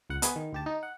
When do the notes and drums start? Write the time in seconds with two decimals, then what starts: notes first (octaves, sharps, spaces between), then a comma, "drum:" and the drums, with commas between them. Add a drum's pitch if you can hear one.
0.10 C#2 F#5
0.22 B3 G#4 B4, drum: hi-hat
0.36 D#3
0.52 D2 G4 A5
0.66 D#4
0.83 F#5